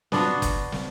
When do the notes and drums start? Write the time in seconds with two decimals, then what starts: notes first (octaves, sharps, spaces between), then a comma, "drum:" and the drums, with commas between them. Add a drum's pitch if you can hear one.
0.12 B3 D4 F4 F#4, drum: snare
0.42 drum: kick F#1, hi-hat
0.72 drum: snare